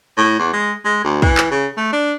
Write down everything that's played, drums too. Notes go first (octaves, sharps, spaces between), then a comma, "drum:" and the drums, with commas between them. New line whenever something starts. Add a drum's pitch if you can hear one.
A2
E2
G#3
G#3
D2
E3, drum: kick
drum: clap
C#3
A3
D4